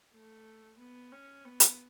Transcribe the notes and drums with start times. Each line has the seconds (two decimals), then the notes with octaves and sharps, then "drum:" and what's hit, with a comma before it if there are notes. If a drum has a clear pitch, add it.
0.13 A3
0.79 B3
1.12 C#4
1.45 B3
1.60 drum: hi-hat